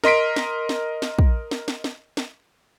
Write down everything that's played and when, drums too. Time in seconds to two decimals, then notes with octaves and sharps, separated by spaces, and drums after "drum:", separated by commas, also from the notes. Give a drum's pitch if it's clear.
0.04 A#4 D#5 C6 B6 D7, drum: snare
0.36 drum: snare
0.69 drum: snare
1.02 drum: snare
1.19 drum: kick
1.51 drum: snare
1.68 drum: snare
1.84 drum: snare
2.17 drum: snare